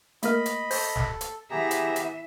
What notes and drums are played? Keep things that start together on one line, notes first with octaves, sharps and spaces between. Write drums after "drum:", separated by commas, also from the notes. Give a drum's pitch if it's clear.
A3 A#3 A#4 D#5 B5, drum: hi-hat
drum: hi-hat
A4 C5, drum: open hi-hat
drum: snare
drum: hi-hat
E3 B3 G4 G#4 E5 A#5
drum: hi-hat
drum: hi-hat